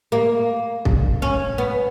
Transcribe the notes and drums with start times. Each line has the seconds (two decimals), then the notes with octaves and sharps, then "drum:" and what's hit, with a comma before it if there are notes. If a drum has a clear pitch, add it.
0.12 A#3
0.85 drum: kick
1.22 C#4
1.58 B3